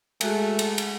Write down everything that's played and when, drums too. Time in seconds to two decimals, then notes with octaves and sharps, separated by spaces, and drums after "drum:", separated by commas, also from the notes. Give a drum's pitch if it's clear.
0.21 G#3 A3 F#4 G#4, drum: cymbal
0.59 drum: cymbal
0.78 drum: cymbal